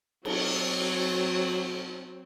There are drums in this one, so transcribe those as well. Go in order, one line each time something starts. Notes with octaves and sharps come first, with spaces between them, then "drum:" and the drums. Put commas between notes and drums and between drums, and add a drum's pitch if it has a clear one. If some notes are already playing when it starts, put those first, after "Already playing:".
F#3 C4, drum: cymbal